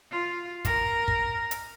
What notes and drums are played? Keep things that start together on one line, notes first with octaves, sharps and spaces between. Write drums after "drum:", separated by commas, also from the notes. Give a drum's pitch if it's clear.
F4
A#4, drum: kick, hi-hat
drum: kick
drum: hi-hat